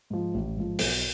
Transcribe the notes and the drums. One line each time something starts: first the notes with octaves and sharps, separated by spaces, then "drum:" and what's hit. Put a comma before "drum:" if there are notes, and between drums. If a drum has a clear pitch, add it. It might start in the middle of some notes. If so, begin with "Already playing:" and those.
G#2 F3
A1
G#2 F3
B1, drum: open hi-hat